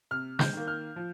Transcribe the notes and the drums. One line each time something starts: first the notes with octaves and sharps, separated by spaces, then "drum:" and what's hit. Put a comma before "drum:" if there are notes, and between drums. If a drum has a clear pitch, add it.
C3 F6
G6, drum: snare
D#3 A#3
F6
F3